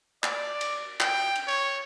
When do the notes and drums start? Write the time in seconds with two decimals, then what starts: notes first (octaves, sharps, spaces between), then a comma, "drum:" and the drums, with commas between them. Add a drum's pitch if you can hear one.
0.23 D5, drum: clap
0.61 drum: cymbal
1.00 G5, drum: clap
1.36 drum: cymbal
1.47 C#5